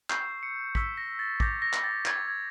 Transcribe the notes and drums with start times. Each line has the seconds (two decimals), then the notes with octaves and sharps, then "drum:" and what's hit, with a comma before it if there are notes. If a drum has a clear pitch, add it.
0.10 C#6 E6 G6 C7, drum: clap
0.43 C#7
0.75 C#6 E6 G6 B6, drum: kick A1
0.97 A#6
1.19 A6
1.40 D6 G6 A#6, drum: kick A1
1.62 A#6
1.73 drum: clap
1.84 A6
2.06 D6 G6 G#6, drum: clap
2.28 G#6